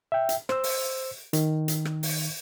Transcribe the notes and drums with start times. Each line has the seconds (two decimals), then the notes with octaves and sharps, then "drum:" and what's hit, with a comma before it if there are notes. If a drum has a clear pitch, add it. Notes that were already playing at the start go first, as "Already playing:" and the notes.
0.12 E5 G5
0.29 drum: hi-hat
0.49 C5 E6, drum: rim click
0.64 drum: open hi-hat
1.33 D#3, drum: hi-hat
1.68 drum: hi-hat
1.85 drum: rim click
2.03 drum: open hi-hat